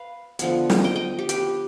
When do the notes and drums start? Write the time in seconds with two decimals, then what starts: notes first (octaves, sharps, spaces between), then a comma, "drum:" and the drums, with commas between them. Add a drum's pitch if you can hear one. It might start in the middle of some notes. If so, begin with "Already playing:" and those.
Already playing: B4 F5
0.39 D3 F3 B3, drum: hi-hat
0.70 drum: snare
0.84 D#5 G5
0.95 D#5 G5
1.19 G4
1.29 G4 B4, drum: hi-hat